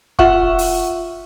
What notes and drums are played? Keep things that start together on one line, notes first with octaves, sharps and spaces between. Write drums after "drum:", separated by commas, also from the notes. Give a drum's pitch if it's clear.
F4 E5 F#5 C#6, drum: kick
drum: open hi-hat